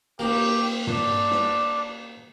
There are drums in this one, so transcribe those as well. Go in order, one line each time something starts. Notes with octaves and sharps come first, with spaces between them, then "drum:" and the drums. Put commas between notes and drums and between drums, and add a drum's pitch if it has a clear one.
A#3 G4, drum: cymbal
D4, drum: tom
drum: snare